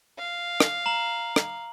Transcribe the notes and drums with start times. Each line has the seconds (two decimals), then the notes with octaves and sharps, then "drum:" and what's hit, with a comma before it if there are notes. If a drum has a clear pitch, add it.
0.18 F5
0.60 drum: rim click
0.86 A#5 F#7
1.36 drum: rim click